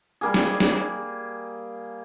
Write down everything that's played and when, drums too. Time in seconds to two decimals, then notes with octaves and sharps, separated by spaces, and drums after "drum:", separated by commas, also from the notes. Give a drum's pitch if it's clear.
0.21 G3 A#3 G#4
0.34 drum: snare
0.60 drum: snare